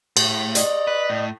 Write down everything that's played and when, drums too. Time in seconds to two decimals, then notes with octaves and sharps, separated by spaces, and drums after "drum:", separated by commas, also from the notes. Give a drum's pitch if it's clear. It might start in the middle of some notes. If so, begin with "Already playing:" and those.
0.17 A2, drum: cymbal
0.55 D5 D#5 D#6, drum: hi-hat
0.87 B4
1.10 A2